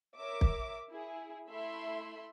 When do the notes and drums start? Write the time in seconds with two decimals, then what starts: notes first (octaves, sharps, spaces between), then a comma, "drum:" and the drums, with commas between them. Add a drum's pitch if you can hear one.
0.16 A#4 C#5 E5 D6
0.41 drum: kick
0.90 E4 G#4
1.48 A3 E4 E5 B5 C6